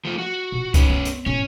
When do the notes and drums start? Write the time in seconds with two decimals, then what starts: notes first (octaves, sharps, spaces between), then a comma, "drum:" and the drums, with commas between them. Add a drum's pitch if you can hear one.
0.05 F3 A3 F4
0.18 F#4
0.52 A#2
0.74 D#3 C#4 D#4 B4, drum: kick C2, hi-hat
0.90 B3
1.05 drum: hi-hat
1.26 A2 C#4